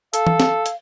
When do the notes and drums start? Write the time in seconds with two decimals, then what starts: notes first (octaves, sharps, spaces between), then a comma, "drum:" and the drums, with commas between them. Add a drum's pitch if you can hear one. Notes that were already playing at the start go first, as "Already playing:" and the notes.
0.14 A4 F5, drum: hi-hat
0.27 drum: tom E3
0.40 drum: snare
0.66 drum: hi-hat